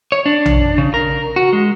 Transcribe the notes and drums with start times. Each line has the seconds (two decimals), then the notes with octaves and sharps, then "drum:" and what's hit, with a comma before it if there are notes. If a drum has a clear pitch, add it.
0.12 C#5
0.26 D4
0.46 drum: tom A#1
0.78 C#3
0.94 A#4
1.36 F#4
1.53 G#3